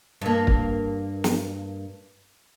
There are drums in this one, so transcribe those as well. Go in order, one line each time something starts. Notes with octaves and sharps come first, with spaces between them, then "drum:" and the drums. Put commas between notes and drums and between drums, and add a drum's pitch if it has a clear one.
G2 A#3
drum: kick
drum: snare